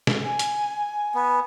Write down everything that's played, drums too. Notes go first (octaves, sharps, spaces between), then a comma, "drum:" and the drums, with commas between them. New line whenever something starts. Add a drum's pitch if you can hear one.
drum: snare
G#5
drum: hi-hat
B3